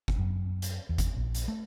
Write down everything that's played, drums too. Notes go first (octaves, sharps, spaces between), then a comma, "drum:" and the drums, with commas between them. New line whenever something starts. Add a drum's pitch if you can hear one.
drum: kick G1
F#2
drum: hi-hat
E2
drum: kick G1, hi-hat
A#1
drum: hi-hat
A3